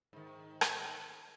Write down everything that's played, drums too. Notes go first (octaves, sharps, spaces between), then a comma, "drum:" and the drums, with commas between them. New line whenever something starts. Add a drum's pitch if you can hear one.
G#2 D#3
drum: rim click